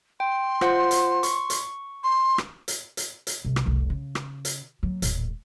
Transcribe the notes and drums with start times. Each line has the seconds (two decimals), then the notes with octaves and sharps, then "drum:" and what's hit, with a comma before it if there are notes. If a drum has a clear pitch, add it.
0.20 G5 C6
0.61 F4 C5 F#5, drum: rim click
0.91 drum: hi-hat
1.23 C#6, drum: hi-hat
1.50 drum: hi-hat
2.04 C6
2.38 drum: rim click
2.68 drum: hi-hat
2.97 drum: hi-hat
3.27 drum: hi-hat
3.45 C2
3.56 drum: rim click
3.66 F1 C2
3.90 C#3
4.15 drum: rim click
4.45 drum: hi-hat
4.83 F#3 A#3
5.02 D#1 A1, drum: hi-hat